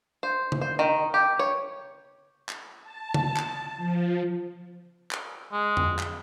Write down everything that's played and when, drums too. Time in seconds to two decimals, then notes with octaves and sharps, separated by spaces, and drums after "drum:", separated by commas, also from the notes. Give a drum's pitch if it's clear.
0.23 C5
0.52 drum: tom C#3
0.61 C5
0.79 D#3
1.14 G4
1.39 C#5
2.49 drum: clap
2.83 A5
3.14 drum: tom C#3
3.36 drum: clap
3.76 F3
5.11 drum: clap
5.52 G#3
5.77 drum: tom F2
5.99 drum: clap